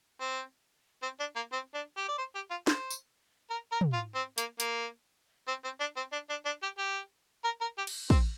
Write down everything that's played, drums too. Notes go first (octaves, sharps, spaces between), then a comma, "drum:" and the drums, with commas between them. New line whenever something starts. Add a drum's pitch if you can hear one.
C4
C4
D4
A#3
C4
D4
G4
D5
C5
G4
F4
C5, drum: snare
drum: tambourine
A#4
A#4
drum: tom
F4
C4
A#3, drum: hi-hat
A#3, drum: hi-hat
C4
C4
D4
C4
D4
D4
D4
G4
G4
A#4
A#4
G4
drum: cymbal
C4, drum: kick